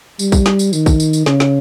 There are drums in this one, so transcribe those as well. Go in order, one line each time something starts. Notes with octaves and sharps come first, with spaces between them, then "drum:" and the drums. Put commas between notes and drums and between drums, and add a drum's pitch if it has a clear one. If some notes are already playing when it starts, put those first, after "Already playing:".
G3, drum: tambourine
drum: kick, tambourine
drum: snare
drum: tambourine
D#3, drum: tambourine
drum: kick, tambourine
drum: tambourine
drum: tambourine
C#3, drum: snare
drum: snare